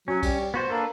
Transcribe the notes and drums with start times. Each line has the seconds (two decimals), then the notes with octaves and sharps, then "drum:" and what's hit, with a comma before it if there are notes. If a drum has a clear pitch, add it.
0.08 F#3 C#4
0.23 G3, drum: kick B1, cymbal
0.54 B3 F#4 C5
0.69 A#3 D4 A4 B4